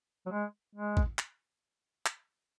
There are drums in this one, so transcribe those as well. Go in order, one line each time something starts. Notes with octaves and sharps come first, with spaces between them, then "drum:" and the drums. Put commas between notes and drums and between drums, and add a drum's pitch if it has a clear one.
F#3
G#3
G#3
drum: kick A1
drum: clap
drum: clap